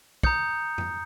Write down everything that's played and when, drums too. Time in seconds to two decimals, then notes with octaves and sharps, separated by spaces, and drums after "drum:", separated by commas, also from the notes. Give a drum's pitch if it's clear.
0.23 A#5 D#6 G6 C#7, drum: kick
0.78 drum: tom F2